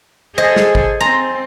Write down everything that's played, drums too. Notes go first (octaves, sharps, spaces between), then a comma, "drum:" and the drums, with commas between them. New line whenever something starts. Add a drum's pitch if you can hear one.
G#4 A4 C5 D#5
drum: snare
drum: kick
C4 G#5 A#5 C6 A6